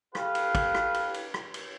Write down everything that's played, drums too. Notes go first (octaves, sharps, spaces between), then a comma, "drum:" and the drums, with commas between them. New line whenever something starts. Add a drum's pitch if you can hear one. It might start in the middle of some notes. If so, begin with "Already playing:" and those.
G4 A4 B4 F5, drum: rim click
drum: cymbal
drum: kick, cymbal
drum: rim click
drum: cymbal
drum: cymbal
drum: rim click
drum: cymbal